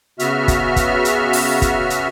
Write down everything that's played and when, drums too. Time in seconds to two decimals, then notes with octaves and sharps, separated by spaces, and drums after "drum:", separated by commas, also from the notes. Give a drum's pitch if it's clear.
0.19 C#3 B3 F#4 E5 F6, drum: hi-hat
0.48 drum: kick, hi-hat
0.76 drum: kick, hi-hat
1.05 drum: hi-hat
1.33 drum: open hi-hat
1.62 drum: kick, hi-hat
1.90 drum: hi-hat